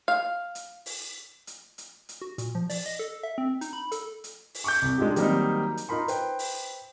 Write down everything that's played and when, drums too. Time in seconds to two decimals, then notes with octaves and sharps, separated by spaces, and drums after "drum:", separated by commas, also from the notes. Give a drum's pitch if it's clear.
0.08 F5
0.55 drum: hi-hat
0.86 drum: open hi-hat
1.47 drum: hi-hat
1.78 drum: hi-hat
2.09 drum: hi-hat
2.21 F#4
2.38 A#2, drum: hi-hat
2.55 F3
2.70 D5, drum: open hi-hat
2.86 D#5
2.99 A4
3.23 E5
3.38 C4
3.61 D#4, drum: hi-hat
3.73 B5
3.92 A4, drum: hi-hat
4.24 drum: hi-hat
4.55 drum: open hi-hat
4.64 C#6 D6 G6
4.82 C2
4.98 G#3 D4 D#4 F4 G4
5.16 D#3 F#3 G3 A#3 C4 D#4, drum: hi-hat
5.77 drum: hi-hat
5.89 D#4 F4 A#4 B5 C6
6.08 B4 C5 G5, drum: hi-hat
6.39 drum: open hi-hat